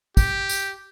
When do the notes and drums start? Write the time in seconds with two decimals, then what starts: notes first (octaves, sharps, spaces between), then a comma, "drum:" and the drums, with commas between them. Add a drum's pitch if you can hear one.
0.17 G4, drum: kick, tambourine
0.49 drum: tambourine